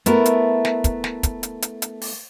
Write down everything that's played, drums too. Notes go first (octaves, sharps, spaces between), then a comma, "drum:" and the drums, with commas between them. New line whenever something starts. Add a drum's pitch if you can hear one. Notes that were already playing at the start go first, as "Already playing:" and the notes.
A3 B3 E4 A#4, drum: hi-hat
drum: hi-hat
drum: snare
drum: kick, hi-hat
drum: snare
drum: kick, hi-hat
drum: hi-hat
drum: hi-hat
drum: hi-hat
drum: open hi-hat